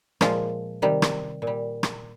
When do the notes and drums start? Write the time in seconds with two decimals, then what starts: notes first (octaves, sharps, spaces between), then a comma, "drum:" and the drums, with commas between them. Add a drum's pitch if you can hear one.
0.21 A#2 F3 G#3 F4, drum: rim click
0.82 C3 D#3 G3
1.02 drum: rim click
1.42 A#2
1.47 G3
1.83 drum: rim click